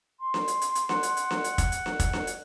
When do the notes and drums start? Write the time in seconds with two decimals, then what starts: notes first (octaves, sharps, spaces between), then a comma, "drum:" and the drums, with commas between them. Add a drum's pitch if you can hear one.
0.19 C6
0.34 drum: snare D4
0.48 drum: hi-hat
0.62 drum: hi-hat
0.75 drum: hi-hat
0.89 F#5, drum: snare D4
1.03 drum: hi-hat
1.17 drum: hi-hat
1.31 drum: snare D4
1.44 drum: hi-hat
1.58 drum: kick, hi-hat
1.72 drum: hi-hat
1.86 drum: snare D4
2.00 drum: kick, hi-hat
2.13 drum: snare D4
2.27 drum: hi-hat